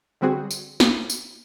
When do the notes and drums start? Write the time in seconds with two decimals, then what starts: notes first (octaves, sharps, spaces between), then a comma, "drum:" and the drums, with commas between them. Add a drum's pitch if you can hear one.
0.21 D3 G3 C4 F#4 G#4
0.51 drum: tambourine
0.80 drum: snare
1.10 drum: tambourine